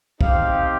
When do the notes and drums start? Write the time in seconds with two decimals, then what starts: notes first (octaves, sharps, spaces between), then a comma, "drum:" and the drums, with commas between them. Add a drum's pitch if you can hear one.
0.21 C4 D#4 G4 F5, drum: kick